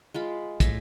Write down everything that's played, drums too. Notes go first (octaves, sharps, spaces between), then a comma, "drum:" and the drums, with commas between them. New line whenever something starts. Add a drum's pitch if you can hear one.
G#3 F4 B5
A2, drum: kick, hi-hat